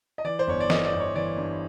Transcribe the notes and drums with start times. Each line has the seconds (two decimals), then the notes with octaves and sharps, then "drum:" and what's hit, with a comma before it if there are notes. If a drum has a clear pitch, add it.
0.18 D#5
0.24 E3 D5
0.39 C5
0.47 G1 C#5
0.60 D5
0.70 E3 D#5, drum: snare
0.85 D5
0.93 G1
1.00 C#5
1.15 E3 D5
1.37 G2